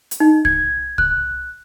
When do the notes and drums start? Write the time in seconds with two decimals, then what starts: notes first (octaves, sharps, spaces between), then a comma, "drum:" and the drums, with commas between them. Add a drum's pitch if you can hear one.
0.11 drum: hi-hat
0.20 D#4
0.45 G#6, drum: kick C2
0.98 F#6, drum: kick C2